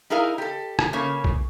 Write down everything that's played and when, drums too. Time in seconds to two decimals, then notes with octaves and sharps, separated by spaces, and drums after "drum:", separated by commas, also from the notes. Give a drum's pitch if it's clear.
0.10 D#4 E4 G#4 A#4 F5
0.38 G4 A4
0.79 drum: rim click
0.93 C#3 A#3 C#5
1.24 drum: kick B1